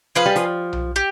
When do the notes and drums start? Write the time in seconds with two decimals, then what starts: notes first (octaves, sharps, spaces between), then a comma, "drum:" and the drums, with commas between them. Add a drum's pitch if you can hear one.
0.15 F3 G#4 B4 F5
0.26 G3
0.36 F3, drum: hi-hat
0.73 drum: tom B1
0.96 G4